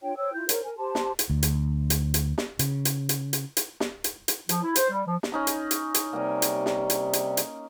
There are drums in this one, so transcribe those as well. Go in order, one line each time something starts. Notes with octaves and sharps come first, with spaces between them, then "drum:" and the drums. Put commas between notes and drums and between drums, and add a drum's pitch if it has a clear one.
D4 F4 C#5 G5
C5 C#5 G5 E6
E4 F4 G6
A#4 C5 C#5, drum: hi-hat
A#4 G#5
G4 C5 A5 C6
drum: snare
drum: hi-hat
D2
drum: hi-hat
drum: hi-hat
drum: hi-hat
drum: snare
C#3, drum: hi-hat
drum: hi-hat
drum: hi-hat
drum: hi-hat
drum: hi-hat
drum: snare
drum: hi-hat
drum: hi-hat
F3, drum: hi-hat
E4
C5, drum: hi-hat
G3
F3
drum: snare
C#4 D#4 B5
drum: hi-hat
drum: hi-hat
drum: hi-hat
C3 G3 A#3 G#5
drum: hi-hat
drum: snare
drum: hi-hat
drum: hi-hat
drum: hi-hat